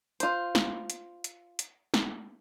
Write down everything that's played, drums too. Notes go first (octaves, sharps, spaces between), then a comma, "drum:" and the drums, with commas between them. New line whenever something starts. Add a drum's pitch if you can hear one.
F4 C5, drum: hi-hat
drum: snare
drum: hi-hat
drum: hi-hat
drum: hi-hat
drum: snare